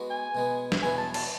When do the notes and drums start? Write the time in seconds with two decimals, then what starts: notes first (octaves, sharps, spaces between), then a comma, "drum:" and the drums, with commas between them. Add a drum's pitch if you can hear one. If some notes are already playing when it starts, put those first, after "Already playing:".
Already playing: G#3 B3 F#4
0.10 G#5
0.35 B2 G#3 B3
0.72 drum: snare
0.81 E2 B2 F#3 B3 E4 G#5
0.98 A5
1.14 A5, drum: cymbal